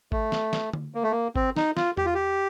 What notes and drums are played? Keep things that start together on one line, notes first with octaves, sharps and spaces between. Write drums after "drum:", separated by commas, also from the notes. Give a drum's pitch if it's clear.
A3, drum: kick G#1
drum: snare
drum: snare
drum: tom D3
A#3
A3
A#3
C4, drum: kick G#1
D#4, drum: snare
F4, drum: snare
G4, drum: tom E2
F4
G4